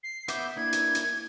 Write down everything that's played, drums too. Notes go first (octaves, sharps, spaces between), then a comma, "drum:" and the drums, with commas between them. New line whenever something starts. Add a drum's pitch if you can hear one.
C7
B3 E5 D6 G6, drum: hi-hat
A#3 D4 E4 G#6
drum: hi-hat
drum: hi-hat